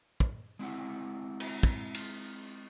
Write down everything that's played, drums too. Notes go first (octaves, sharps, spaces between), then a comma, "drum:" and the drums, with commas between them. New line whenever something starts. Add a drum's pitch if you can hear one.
drum: kick
G#3 C4 E4 F#5
drum: cymbal
drum: kick
drum: cymbal